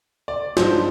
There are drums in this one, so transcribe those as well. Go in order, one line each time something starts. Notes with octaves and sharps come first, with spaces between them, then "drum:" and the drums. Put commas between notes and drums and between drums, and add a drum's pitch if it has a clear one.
D5
G2 F3 G#3 D#4 C5, drum: snare